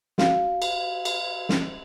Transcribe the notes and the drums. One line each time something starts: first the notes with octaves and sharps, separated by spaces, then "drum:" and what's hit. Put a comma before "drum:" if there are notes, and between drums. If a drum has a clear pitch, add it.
F#4 F5, drum: snare
drum: cymbal
drum: cymbal
drum: snare